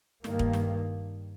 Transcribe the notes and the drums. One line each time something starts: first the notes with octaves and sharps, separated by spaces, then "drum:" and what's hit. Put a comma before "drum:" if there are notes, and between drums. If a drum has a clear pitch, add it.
G2 D#3 A#3, drum: snare
drum: kick E1
drum: snare